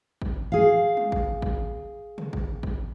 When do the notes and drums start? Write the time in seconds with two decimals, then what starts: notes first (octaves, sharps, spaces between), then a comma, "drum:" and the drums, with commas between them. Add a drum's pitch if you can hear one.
0.22 drum: kick
0.52 G#4 F5
0.97 drum: tom G3
1.12 drum: kick
1.42 drum: kick
2.18 drum: tom
2.33 drum: kick
2.63 drum: kick